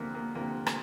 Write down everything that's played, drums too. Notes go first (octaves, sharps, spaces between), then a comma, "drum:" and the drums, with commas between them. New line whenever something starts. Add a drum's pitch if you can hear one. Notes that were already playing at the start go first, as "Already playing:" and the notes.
Already playing: D2 C3 F3 A#3 B3
A#3
D2 C3 F3 A#3
drum: rim click